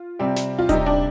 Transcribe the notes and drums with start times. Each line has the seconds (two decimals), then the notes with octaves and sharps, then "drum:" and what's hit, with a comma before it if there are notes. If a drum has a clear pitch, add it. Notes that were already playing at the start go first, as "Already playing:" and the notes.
Already playing: F4
0.19 C3 G3 C4 G4
0.36 drum: snare
0.59 F4
0.69 C3 G3 C4 D#4 G4, drum: kick D#1, hi-hat
0.86 D4